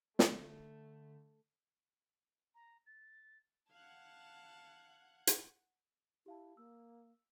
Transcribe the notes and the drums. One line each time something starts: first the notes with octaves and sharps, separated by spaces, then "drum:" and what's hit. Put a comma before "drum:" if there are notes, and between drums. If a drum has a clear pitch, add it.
D3 A3, drum: snare
A#5
A6
F5 F#5 A5 F#6 G#6
drum: hi-hat
E4 G4 F5 A5
A#3 E6